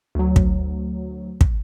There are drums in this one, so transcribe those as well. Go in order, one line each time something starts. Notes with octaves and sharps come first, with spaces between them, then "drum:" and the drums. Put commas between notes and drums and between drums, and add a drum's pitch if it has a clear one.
D2 F#3
drum: kick
drum: kick